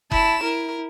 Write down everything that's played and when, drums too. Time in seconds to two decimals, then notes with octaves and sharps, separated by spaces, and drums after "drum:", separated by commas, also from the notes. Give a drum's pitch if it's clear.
0.12 E4 A5 E7, drum: kick F#1
0.44 E4 A#4